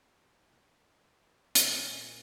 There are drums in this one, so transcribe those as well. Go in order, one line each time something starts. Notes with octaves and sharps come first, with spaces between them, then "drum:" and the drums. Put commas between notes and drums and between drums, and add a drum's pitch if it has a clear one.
A#2 C#5 D#5 G#5, drum: hi-hat